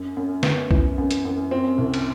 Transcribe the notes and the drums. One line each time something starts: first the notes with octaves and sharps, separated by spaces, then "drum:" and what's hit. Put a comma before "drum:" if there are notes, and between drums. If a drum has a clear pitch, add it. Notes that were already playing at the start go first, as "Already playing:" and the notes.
Already playing: F#2
F#2
B3, drum: snare
E3, drum: kick B1
F#2
drum: hi-hat
F#2
C4
C2
drum: cymbal